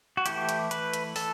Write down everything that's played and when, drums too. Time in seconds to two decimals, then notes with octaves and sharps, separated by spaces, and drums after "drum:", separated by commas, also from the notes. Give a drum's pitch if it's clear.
0.17 F#4
0.26 E3 A3 E4 G4, drum: hi-hat
0.49 drum: hi-hat
0.71 B4, drum: hi-hat
0.94 drum: hi-hat
1.16 A4, drum: open hi-hat